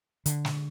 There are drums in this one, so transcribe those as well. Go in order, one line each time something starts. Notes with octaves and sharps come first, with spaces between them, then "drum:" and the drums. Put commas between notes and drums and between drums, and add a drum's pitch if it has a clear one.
D3, drum: hi-hat
drum: snare